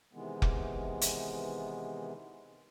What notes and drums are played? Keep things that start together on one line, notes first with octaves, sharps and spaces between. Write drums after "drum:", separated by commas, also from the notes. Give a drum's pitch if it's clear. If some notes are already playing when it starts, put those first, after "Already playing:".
C3 D#3 E3 G#3 B3
drum: kick F1
drum: hi-hat